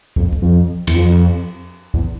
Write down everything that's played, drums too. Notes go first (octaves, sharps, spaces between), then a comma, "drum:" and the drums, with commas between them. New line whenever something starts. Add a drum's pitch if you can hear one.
F2, drum: kick
drum: kick
F2
E2, drum: cymbal
F2
E2, drum: kick